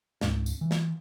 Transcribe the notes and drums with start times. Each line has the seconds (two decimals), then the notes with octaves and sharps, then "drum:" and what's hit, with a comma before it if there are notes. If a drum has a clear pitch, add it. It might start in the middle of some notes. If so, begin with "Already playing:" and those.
0.21 C#2 G#2 C4, drum: snare
0.46 drum: tambourine
0.61 E3
0.71 drum: snare